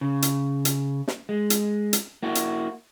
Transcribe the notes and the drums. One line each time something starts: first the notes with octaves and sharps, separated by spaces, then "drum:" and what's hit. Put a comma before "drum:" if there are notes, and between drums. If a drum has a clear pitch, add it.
C#3
drum: hi-hat
drum: hi-hat
drum: snare
G#3
drum: hi-hat
drum: hi-hat
A#3 E4 F#4
drum: hi-hat